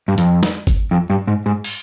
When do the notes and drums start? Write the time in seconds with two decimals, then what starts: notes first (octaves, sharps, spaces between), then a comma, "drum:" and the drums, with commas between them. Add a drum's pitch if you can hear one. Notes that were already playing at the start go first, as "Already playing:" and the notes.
0.08 G2
0.18 F2, drum: hi-hat
0.43 drum: snare
0.67 drum: kick G1, hi-hat
0.91 F2
1.10 G2
1.27 G#2
1.46 G#2
1.64 drum: open hi-hat